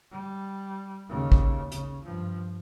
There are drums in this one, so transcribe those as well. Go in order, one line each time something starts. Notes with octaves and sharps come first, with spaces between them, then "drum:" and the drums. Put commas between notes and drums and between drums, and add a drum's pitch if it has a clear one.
G3
D#2 C#3
drum: kick A1
C#3, drum: hi-hat
G2 F3